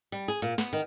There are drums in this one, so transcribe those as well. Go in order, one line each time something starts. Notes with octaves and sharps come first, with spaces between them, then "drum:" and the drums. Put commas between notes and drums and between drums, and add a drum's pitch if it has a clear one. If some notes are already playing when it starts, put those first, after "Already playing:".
G3
G#4
A#2, drum: hi-hat
B3, drum: snare
D#3